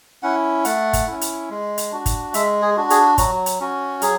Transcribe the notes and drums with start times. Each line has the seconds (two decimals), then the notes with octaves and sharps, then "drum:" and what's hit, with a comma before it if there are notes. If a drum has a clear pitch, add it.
0.23 C#4 E4 F#5
0.65 A3 F#5, drum: hi-hat
0.93 drum: kick, hi-hat
1.07 C#4 E4
1.21 drum: hi-hat
1.50 G#3
1.78 drum: hi-hat
1.92 D4 F#4
2.06 drum: kick, hi-hat
2.34 G#3 E5, drum: hi-hat
2.62 G#4
2.76 D4 F#4
2.90 G#4, drum: hi-hat
3.18 F#3 F#4, drum: kick, hi-hat
3.46 drum: hi-hat
3.61 C#4 F#4
4.02 F#3 G#4, drum: hi-hat